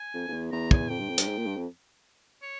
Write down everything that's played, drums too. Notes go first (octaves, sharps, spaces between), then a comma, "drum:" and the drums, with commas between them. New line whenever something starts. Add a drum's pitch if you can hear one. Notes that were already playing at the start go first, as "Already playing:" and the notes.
Already playing: G#5
F2
F2
E2
E2 A#5
G#5, drum: kick
F2 G5
G2
F2
G2, drum: hi-hat
G#2
A#2
G2
F2
C#5